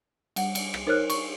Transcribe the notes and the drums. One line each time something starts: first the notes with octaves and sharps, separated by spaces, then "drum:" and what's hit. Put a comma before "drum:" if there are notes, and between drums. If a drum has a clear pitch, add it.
G3 F#5, drum: cymbal
drum: cymbal
drum: rim click
D#4 A#4 C5 C#5 F6 F#6
C#6, drum: cymbal